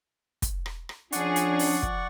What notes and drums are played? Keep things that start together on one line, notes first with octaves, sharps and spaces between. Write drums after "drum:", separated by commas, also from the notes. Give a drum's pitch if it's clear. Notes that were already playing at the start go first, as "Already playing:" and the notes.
drum: kick, hi-hat
drum: rim click
drum: rim click
F3 C#4 D4 G#4 D5 F#5 C#6, drum: hi-hat
drum: hi-hat
drum: open hi-hat
drum: kick